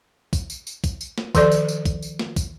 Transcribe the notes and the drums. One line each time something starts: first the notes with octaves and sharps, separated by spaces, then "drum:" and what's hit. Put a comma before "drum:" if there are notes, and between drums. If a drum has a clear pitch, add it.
drum: kick, tambourine
drum: tambourine
drum: tambourine
drum: kick, tambourine
drum: tambourine
drum: snare
D#3 F3 A4 D5, drum: kick, tambourine
drum: tambourine
drum: tambourine
drum: kick, tambourine
drum: tambourine
drum: snare
drum: kick, tambourine